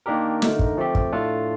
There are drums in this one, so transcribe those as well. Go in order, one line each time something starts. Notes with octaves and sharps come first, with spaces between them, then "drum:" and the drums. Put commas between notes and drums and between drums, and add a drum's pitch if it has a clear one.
D#3 A#3 D4 G4 A#4
D3 A3 D#4 A#4, drum: snare
drum: kick
F3 A3 C4 G4
drum: kick
A2 A3 D4 F4 A4